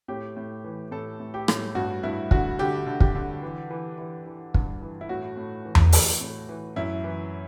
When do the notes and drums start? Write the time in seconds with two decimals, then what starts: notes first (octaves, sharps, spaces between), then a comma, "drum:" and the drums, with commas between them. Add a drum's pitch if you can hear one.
0.08 A2 G4
0.37 A2
0.64 E3
0.92 A2 A4
1.20 A2
1.34 G4
1.48 A2, drum: rim click
1.75 G2 F#4
2.03 G2 E4
2.31 D3 F#4, drum: kick
2.59 D3 G4
2.87 D3
3.00 G4, drum: kick
3.15 D3
3.42 E3
3.70 E3
3.98 E3
4.26 E3
4.54 G2, drum: kick
4.82 E3
5.01 E4
5.09 A2 F#4
5.37 A2
5.65 E3
5.75 drum: tom E2
5.92 E3, drum: open hi-hat
6.21 A2
6.49 E3
6.76 F#2 E4
7.04 E3